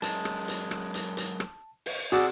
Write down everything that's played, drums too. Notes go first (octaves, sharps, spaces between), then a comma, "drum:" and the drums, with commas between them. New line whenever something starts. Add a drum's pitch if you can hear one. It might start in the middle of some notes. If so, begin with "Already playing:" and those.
F#2 G#3 A5, drum: hi-hat
drum: rim click
drum: hi-hat
drum: rim click
drum: hi-hat
drum: hi-hat
drum: rim click
drum: open hi-hat
C3 F#4 G#4 D5 E6